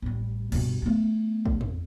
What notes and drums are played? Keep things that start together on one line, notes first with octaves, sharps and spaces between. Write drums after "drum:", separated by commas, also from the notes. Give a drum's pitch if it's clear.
A1 G3
G2 B2, drum: cymbal
A3 B3
drum: kick
drum: tom